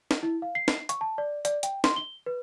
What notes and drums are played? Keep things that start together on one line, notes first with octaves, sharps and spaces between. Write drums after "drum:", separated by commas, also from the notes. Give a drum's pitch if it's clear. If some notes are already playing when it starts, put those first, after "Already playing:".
drum: snare
E4
F5
C7
drum: snare
C#6, drum: hi-hat
A5
D5
D5, drum: hi-hat
G5, drum: hi-hat
C6, drum: snare
G7
B4